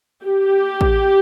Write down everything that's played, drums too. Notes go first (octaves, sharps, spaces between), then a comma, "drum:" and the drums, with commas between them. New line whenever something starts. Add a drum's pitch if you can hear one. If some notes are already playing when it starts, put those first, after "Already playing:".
G4
drum: kick A1